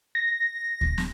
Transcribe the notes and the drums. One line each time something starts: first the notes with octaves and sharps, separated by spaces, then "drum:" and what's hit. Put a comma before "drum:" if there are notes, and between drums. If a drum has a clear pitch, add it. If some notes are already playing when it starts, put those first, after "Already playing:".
A#6
drum: kick D2
drum: snare